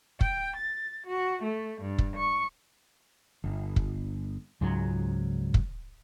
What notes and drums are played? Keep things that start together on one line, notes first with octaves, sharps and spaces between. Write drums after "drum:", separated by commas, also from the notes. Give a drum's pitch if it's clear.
G5, drum: kick
A6
F#4
A3
G2
drum: kick
C#6
G1
drum: kick
C#2 G#2 F#3
drum: kick